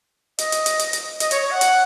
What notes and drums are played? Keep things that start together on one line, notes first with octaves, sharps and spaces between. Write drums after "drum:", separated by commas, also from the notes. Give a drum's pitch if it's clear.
D#5, drum: hi-hat
drum: hi-hat
drum: hi-hat
drum: hi-hat
drum: hi-hat
D#5, drum: hi-hat
C#5, drum: hi-hat
C#5
F#5
drum: hi-hat